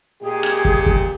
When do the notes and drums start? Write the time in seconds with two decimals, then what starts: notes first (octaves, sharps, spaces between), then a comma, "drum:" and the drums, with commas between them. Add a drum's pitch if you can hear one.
0.21 A#2 G#3 G4 G#4
0.43 drum: rim click
0.65 drum: kick
0.86 drum: kick